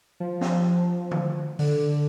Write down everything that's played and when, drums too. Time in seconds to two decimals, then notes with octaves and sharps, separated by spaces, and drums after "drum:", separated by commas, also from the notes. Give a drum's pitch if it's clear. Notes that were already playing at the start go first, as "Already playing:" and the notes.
0.20 F3
0.41 drum: snare
1.11 drum: tom D3
1.59 D3, drum: open hi-hat